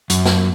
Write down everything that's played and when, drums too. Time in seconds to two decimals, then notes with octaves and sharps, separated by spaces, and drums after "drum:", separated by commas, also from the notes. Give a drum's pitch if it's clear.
0.10 F#2, drum: hi-hat
0.25 drum: snare